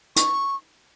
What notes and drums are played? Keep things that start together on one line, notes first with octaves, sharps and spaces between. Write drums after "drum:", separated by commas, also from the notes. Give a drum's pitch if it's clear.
C#6, drum: hi-hat